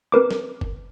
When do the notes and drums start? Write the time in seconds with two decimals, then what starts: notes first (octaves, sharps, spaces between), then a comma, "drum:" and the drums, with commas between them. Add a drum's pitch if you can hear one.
0.12 C4 A#4 B4 D6
0.31 drum: snare
0.61 drum: kick